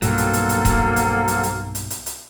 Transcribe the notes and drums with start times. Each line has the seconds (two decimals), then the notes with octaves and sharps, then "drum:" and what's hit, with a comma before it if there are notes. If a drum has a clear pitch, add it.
0.02 B1 G2 A#2 F#3 A#3 C4 A4, drum: hi-hat
0.18 drum: hi-hat
0.33 drum: hi-hat
0.49 drum: hi-hat
0.65 drum: kick D#1, hi-hat
0.96 drum: hi-hat
1.28 drum: hi-hat
1.43 drum: hi-hat
1.75 drum: hi-hat
1.90 drum: hi-hat
2.06 drum: hi-hat